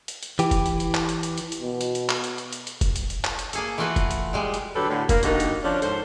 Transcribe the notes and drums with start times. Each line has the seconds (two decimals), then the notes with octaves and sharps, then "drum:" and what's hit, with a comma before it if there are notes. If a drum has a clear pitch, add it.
0.08 drum: hi-hat
0.23 drum: hi-hat
0.39 E3 G4, drum: hi-hat
0.51 drum: kick, hi-hat
0.66 drum: hi-hat
0.80 drum: hi-hat
0.94 drum: clap
1.09 drum: hi-hat
1.23 drum: hi-hat
1.38 drum: hi-hat
1.52 drum: hi-hat
1.61 B2
1.81 drum: hi-hat
1.95 drum: hi-hat
2.09 drum: clap
2.24 drum: hi-hat
2.38 drum: hi-hat
2.53 drum: hi-hat
2.67 drum: hi-hat
2.81 drum: kick, hi-hat
2.96 drum: hi-hat
3.10 drum: hi-hat
3.24 drum: clap
3.39 drum: hi-hat
3.53 A#3 G#4 A4, drum: hi-hat
3.78 E3 A3 F4 F#4 B4
3.96 drum: kick, hi-hat
4.11 drum: hi-hat
4.33 A#2 G3 G#3
4.54 drum: hi-hat
4.76 D3 F#3 G4 A4 B4
4.89 A2 D3
5.09 A#3, drum: kick, hi-hat
5.23 D3 A#3 D#4 F#4 G4, drum: hi-hat
5.40 drum: hi-hat
5.63 F3 C#4 D4
5.82 G#2 A4 C5, drum: hi-hat